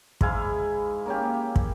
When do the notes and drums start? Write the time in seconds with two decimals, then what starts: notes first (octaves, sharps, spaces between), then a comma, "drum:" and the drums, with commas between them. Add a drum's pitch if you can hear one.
0.21 G#2 E4 F5 G#5, drum: kick
1.06 A#3 C#4 G4
1.56 drum: kick